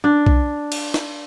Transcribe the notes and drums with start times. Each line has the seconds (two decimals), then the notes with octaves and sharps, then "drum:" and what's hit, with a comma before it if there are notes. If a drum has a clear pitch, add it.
0.04 D4
0.26 drum: kick B1
0.72 drum: cymbal
0.94 drum: snare